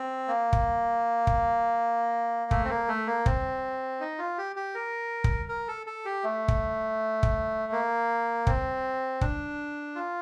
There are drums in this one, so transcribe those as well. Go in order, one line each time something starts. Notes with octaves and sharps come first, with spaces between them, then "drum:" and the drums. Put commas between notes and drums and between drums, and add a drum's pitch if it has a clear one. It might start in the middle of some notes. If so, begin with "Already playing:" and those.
Already playing: C4
A#3
drum: kick
drum: kick
A3, drum: kick
C4
A#3
A3
A#3
C4, drum: kick
D#4
F4
G4
G4
A#4
drum: kick
A#4
A4
A4
G4
A3
drum: kick
drum: kick
A#3
C4, drum: kick
D4, drum: kick
F4